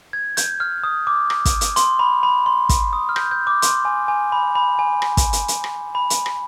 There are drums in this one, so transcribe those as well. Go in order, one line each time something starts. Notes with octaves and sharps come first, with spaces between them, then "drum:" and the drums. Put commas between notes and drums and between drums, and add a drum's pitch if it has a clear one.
G#6
G6, drum: hi-hat
F6
D#6
D6
drum: rim click
drum: kick, hi-hat
drum: hi-hat
C6, drum: hi-hat
B5
B5
C6
drum: kick, hi-hat
D#6
F6
G6, drum: rim click
G6
D6
C6, drum: hi-hat
G#5
G#5
B5
B5
G#5
drum: rim click
drum: kick, hi-hat
drum: hi-hat
drum: hi-hat
drum: rim click
B5
drum: hi-hat
drum: rim click